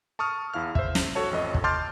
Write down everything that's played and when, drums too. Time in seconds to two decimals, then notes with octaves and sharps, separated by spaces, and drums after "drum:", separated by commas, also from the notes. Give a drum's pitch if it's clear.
0.19 A5 C#6 D#6 F6
0.54 E2 E4 F5 F6
0.75 C5 E5, drum: kick
0.95 drum: snare
1.15 F#4 A4 C#5 A5
1.31 A1 F2 D#5
1.54 drum: kick
1.64 A5 C6 D6 F6 G6 A6